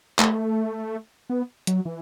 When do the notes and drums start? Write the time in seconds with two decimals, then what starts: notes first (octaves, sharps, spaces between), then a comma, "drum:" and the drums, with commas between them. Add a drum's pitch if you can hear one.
0.19 A3, drum: clap
1.29 B3
1.67 F#3, drum: hi-hat
1.85 E3